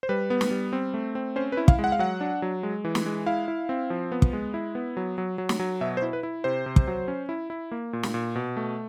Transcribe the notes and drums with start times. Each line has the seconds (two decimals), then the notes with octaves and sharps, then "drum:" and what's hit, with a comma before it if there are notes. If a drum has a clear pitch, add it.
0.03 C5
0.09 G3 B4
0.30 B3
0.41 drum: snare
0.51 G3
0.73 C4
0.94 A3
1.15 C4
1.36 C#4 C5
1.52 B4
1.57 E4
1.68 F5, drum: kick
1.79 G#3
1.84 F#5
1.92 F5
1.99 F#3 F#5
2.21 D4
2.42 F#3
2.63 G#3
2.85 E3
2.95 drum: snare
3.06 G#3
3.26 E4 F5
3.48 E4
3.69 C4
3.90 F3
4.12 B3
4.22 drum: kick
4.33 G#3
4.54 E4
4.75 B3
4.97 F#3
5.18 F#3
5.38 F#3
5.49 drum: snare
5.60 F#3
5.81 B2 E5
5.97 C5
6.02 E4
6.13 B4
6.23 E4
6.44 C3 C5
6.66 C3
6.76 drum: kick
6.87 F#3
7.08 C#4
7.29 E4
7.50 E4
7.71 A#3
7.93 A#2
8.03 drum: snare
8.14 A#2
8.35 B2
8.57 A3